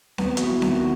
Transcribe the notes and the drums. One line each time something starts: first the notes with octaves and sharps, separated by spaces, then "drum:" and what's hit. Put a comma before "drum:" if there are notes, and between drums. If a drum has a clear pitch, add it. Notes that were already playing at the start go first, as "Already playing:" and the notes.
D#2 B3, drum: snare C4
F#4, drum: hi-hat
E4
D#3, drum: snare C4
F#4